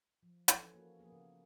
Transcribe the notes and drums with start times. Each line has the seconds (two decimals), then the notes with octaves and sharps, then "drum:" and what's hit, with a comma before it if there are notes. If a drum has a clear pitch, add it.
0.23 F3
0.48 E3 F3 C#4 A4 B4 C#5, drum: hi-hat
0.74 A#3 F#4
0.99 F3 A#3 B3 G#4
1.12 C#3